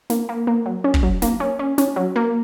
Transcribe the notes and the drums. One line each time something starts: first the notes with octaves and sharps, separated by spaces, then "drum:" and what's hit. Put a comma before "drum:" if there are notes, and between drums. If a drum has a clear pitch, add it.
A#3, drum: snare
A#3
A#3
F#3
C#4
drum: kick
F#3
A#3, drum: snare
C#4
C#4
C#4, drum: snare
F#3
A#3